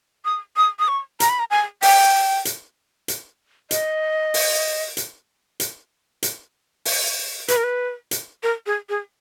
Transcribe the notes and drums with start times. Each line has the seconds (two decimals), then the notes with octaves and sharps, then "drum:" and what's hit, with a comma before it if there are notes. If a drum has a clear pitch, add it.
0.25 D#6
0.57 D#6
0.79 D#6
0.88 C#6
1.20 A#5, drum: hi-hat
1.29 B5
1.39 A#5
1.51 G#5
1.82 G5, drum: open hi-hat
2.45 drum: hi-hat
3.08 drum: hi-hat
3.71 D#5, drum: hi-hat
4.34 drum: open hi-hat
4.97 drum: hi-hat
5.60 drum: hi-hat
6.23 drum: hi-hat
6.85 drum: open hi-hat
7.48 B4, drum: hi-hat
7.57 A#4
7.64 B4
8.11 drum: hi-hat
8.43 A#4
8.66 G#4
8.89 G#4